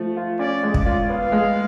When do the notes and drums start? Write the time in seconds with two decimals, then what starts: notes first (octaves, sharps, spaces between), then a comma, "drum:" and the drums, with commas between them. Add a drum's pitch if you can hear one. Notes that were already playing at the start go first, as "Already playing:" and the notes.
Already playing: F3 A3
0.16 F4
0.39 C#4 D5
0.63 G#3
0.74 D5, drum: kick
0.86 F4
1.09 B3 F5
1.32 G#3